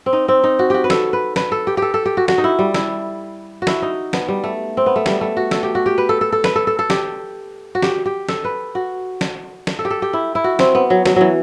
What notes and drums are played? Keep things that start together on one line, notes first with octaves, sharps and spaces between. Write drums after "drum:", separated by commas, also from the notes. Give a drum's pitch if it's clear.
C4
D#4
C4
D#4
F#4
F#4 G4
B4
A4, drum: snare
B4
B4, drum: snare
A4
G4
G4 A4
A4
G4
F#4
F#4, drum: snare
D#4
E4
G3
E4, drum: snare
F#4
E4, drum: snare
D#4
B3, drum: snare
G3
A3
C4
B3
A3
G3, drum: snare
A3
F#4
A4, drum: snare
G4
F#4
G4
B4
A4
A4
A4
B4, drum: snare
A4
A4
A4
G4, drum: snare
F#4
G4, drum: snare
G4
A4, drum: snare
B4
F#4
drum: snare
drum: snare
A4
G4
A4
G4
E4
E4
F#4
C4, drum: snare
B3
F#3
F#3, drum: snare
E3 F#3